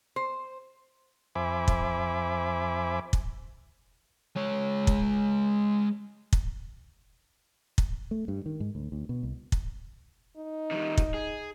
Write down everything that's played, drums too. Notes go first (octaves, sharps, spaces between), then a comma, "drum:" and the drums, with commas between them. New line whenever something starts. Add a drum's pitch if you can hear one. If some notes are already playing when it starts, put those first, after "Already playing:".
C5
F2 C5 E5 G#5 B5 D6
drum: kick
drum: kick
G#3 C#5
drum: kick
drum: kick
drum: kick
A3
G2
D#3
G#2
D2
D2
B2
C2
drum: kick
D#4
D3 D#3 G3
drum: kick
G#4